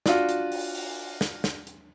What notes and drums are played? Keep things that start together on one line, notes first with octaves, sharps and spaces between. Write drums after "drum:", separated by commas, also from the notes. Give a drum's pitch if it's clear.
D4 F4 F#4, drum: snare
drum: hi-hat
drum: open hi-hat
drum: open hi-hat
drum: snare
drum: snare
drum: hi-hat